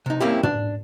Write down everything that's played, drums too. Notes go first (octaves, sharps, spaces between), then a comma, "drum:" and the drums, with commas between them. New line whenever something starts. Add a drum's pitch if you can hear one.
C3 D#4
A#3 C4 C#4 E4 G4
D4, drum: tom